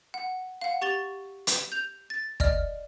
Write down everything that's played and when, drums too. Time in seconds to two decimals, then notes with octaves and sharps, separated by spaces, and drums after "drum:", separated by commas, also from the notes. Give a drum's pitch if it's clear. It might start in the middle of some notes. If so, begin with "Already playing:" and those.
0.14 F#5
0.61 F5 F#5
0.81 G4 C#6 A6 F7 G7
1.47 drum: hi-hat
1.72 G6 F7
2.10 A6
2.40 D5 D#5 F6, drum: kick